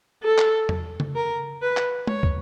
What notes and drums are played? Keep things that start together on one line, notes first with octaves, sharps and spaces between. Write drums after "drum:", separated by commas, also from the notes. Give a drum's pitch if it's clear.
A4
drum: clap
drum: tom E2
drum: tom C#3
A#4
B4
drum: clap
C#5, drum: tom G#3
drum: kick